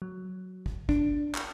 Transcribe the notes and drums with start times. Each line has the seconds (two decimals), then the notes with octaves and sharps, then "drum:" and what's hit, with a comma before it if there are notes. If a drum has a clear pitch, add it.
0.02 F#3
0.66 drum: kick
0.89 D4, drum: kick
1.35 drum: clap